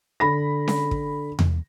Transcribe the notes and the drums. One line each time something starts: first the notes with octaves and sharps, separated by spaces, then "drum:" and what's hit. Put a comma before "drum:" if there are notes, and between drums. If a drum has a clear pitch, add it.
D3 B5 A#6
drum: snare C#4
drum: kick
drum: tom E2